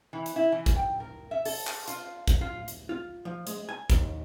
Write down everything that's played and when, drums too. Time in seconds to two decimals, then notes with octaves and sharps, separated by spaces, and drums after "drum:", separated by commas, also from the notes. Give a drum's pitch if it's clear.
0.13 E3
0.26 drum: hi-hat
0.36 E4
0.52 E3
0.66 drum: kick, hi-hat
0.76 G5
1.00 A#4
1.31 E5
1.45 A4, drum: open hi-hat
1.67 drum: clap
1.88 F4, drum: hi-hat
2.28 drum: kick, hi-hat
2.41 F4
2.68 drum: hi-hat
2.89 F4
3.25 F3
3.47 G#3, drum: hi-hat
3.69 G#5
3.90 D#2, drum: kick, hi-hat